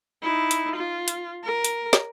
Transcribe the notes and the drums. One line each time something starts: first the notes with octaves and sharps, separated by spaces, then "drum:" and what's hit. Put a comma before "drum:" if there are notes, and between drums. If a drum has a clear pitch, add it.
D#4 E4
drum: hi-hat
F4
drum: hi-hat
A#4
drum: hi-hat
drum: snare